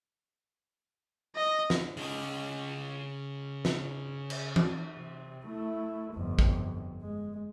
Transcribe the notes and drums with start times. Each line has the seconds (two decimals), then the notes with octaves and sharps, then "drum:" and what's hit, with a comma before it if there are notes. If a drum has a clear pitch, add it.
1.36 D#5
1.70 drum: snare
1.97 C#3 D#5, drum: open hi-hat
3.65 drum: snare
4.30 drum: cymbal
4.56 drum: tom E3
4.95 C3
5.45 A3 E4
6.14 G1 F2
6.39 drum: kick A1
7.01 G#3